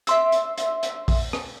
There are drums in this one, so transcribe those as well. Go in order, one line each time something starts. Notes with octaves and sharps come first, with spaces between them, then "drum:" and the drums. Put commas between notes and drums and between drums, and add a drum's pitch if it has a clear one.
E5 C6 E6, drum: hi-hat
drum: hi-hat
drum: hi-hat
drum: hi-hat
drum: kick A#1, open hi-hat
drum: rim click